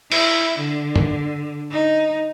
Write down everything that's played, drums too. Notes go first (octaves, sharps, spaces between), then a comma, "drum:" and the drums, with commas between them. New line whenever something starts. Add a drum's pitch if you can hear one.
E4, drum: open hi-hat
D3
drum: tom
D#4